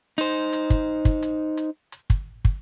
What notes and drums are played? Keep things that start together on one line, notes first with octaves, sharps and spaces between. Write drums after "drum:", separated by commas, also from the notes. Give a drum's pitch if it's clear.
D#4 C5, drum: hi-hat
drum: hi-hat
drum: kick, hi-hat
drum: kick, hi-hat
drum: hi-hat
drum: hi-hat
drum: hi-hat
drum: kick, hi-hat
drum: kick